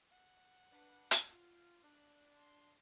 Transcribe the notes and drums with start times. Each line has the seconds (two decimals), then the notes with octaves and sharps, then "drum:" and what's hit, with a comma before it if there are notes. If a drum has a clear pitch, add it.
0.11 F#5
0.72 D4 B4
1.11 drum: hi-hat
1.31 F4
1.84 D4 F#6
2.38 C6